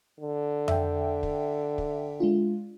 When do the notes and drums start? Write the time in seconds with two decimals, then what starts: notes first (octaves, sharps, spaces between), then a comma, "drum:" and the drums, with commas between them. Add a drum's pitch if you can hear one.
0.20 D3
0.68 E5 G5, drum: tom F2
1.23 drum: kick
1.78 drum: kick
2.20 G#3 D4 F4